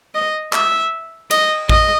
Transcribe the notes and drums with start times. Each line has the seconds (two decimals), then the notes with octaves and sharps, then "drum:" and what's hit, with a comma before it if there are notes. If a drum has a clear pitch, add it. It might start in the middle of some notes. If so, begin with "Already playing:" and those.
0.15 D#5
0.53 E5, drum: clap
1.31 D#5, drum: cymbal
1.69 D#5, drum: kick